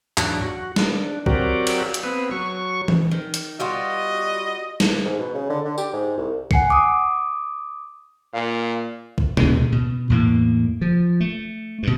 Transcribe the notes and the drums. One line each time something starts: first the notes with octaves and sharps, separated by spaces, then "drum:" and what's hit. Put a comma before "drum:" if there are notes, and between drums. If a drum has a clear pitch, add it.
E2 G#2 F#3 D4, drum: clap
F#4
D4, drum: snare
F#3 C4 F#4 G4 A#4 D5, drum: kick B1
drum: cymbal
drum: hi-hat
B3 C4 B4
F#3 C#6
drum: tom E3
D#3
drum: hi-hat
G3 B3 F4 F#4 D#5
drum: snare
G#2
B2
C#3
D3
D3
G4, drum: tambourine
G#2
C2
F#5 G#5 C7 C#7, drum: kick B1
D6 D#6
A#2 F5
drum: kick B1
D#2 C3 G#3, drum: tom B2
B2
E2 A2 A#3
F3
A3
G2 B2